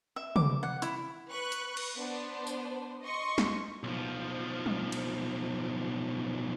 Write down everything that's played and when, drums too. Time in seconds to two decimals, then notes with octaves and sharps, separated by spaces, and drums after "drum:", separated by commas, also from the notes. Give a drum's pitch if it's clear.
0.16 E5
0.36 D6, drum: tom
0.63 F#5
0.82 E4, drum: hi-hat
1.31 B4 C#6 F#6
1.52 drum: hi-hat
1.77 drum: cymbal
1.96 B3 D4 C5
2.47 drum: tambourine
3.04 D#5 C6 C#6 C#7
3.38 drum: snare
3.83 B1 F3
4.66 drum: tom
4.92 drum: cymbal